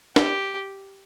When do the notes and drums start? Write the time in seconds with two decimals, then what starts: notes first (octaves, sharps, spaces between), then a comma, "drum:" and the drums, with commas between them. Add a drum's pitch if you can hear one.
0.16 G4, drum: snare